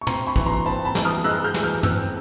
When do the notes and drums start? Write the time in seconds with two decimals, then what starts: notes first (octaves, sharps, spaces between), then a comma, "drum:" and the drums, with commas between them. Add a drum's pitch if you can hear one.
0.01 C#6
0.07 C4 A#5 C6, drum: tom
0.27 B5 C#6
0.36 E3, drum: kick
0.46 A#5 C6
0.66 C4 A5 B5
0.85 A5 B5
0.95 E3, drum: snare
1.05 D#6 F6
1.24 G#3 E6 F#6
1.44 F6 G6
1.54 E3, drum: snare
1.63 F6 G6
1.83 C4 E6 F#6, drum: tom